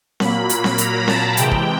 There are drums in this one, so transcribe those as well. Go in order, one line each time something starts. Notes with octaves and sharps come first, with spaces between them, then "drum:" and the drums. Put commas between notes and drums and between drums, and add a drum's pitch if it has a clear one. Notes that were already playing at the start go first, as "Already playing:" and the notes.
A#2 F#3 A#3 B5, drum: snare C4
drum: hi-hat
drum: snare C4
A#5, drum: hi-hat
A5, drum: snare C4
C3 E3 G#3 G5, drum: hi-hat
drum: kick